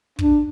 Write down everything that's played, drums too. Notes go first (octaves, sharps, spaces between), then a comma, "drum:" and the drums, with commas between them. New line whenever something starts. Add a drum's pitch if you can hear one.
D4, drum: kick